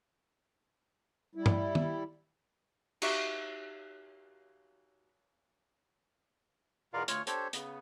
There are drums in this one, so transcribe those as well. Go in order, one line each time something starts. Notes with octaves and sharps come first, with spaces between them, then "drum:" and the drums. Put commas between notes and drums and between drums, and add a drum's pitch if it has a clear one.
G3 E4
drum: tom
drum: tom
D#4 F#4 G4 E5, drum: cymbal
E2 B2 F4 A#4 D5 F5
D2 F4 C#5 C#6 F6, drum: hi-hat
D4 G4 A4 C5 C#5, drum: hi-hat
C#3 B3, drum: hi-hat